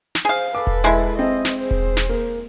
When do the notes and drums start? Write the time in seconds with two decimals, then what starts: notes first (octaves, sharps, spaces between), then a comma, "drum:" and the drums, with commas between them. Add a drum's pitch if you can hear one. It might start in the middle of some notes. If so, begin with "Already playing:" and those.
0.15 drum: snare
0.25 G#4 C5 F5
0.55 A4 B4 D6
0.67 drum: kick E1
0.84 G#3 E4
1.19 C4 D#5
1.45 drum: snare
1.59 G#4 C5
1.71 drum: kick E1
1.97 drum: snare
2.09 A#3